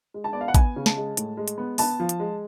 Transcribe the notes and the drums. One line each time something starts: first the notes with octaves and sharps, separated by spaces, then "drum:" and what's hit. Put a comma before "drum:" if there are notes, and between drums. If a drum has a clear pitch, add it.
G#3
A5
B3 D5
F5
F#5
B3 G#5, drum: kick, hi-hat
C#3
A5, drum: snare
G#3
A2, drum: hi-hat
G#3
drum: hi-hat
B3
B3 A5, drum: open hi-hat
F3
drum: hi-hat
G#3